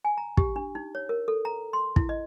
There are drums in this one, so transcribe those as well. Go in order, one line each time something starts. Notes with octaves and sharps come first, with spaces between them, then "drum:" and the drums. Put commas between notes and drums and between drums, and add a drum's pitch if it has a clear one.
G#5
A#5
G4, drum: kick
D4
D#4
C#5
A#4
A4
A#5
C6
E4, drum: kick
D#5